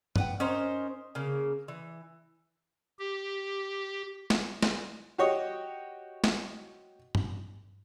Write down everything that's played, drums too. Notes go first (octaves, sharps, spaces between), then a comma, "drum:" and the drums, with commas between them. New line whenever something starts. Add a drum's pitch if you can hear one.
B4 F#5 G5, drum: tom G2
C#4 D#4 A#4 C5
C#3 A#3
E3
G4
drum: snare
drum: snare
F#4 G4 C#5 D#5
drum: snare
drum: tom G2